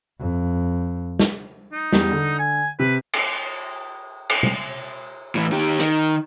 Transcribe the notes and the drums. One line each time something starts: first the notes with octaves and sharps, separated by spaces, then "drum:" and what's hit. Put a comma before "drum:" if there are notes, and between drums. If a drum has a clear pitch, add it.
F2
drum: snare
D#4
E2 G3, drum: snare
D3
G#5
C3 B4
drum: cymbal
drum: cymbal
drum: tom B2
A2 E3
D#3 G4
D#3, drum: hi-hat